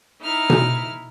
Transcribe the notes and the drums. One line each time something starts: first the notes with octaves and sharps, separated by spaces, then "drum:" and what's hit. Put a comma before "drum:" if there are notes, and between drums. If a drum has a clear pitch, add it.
D#4 E4 F6
drum: tom B2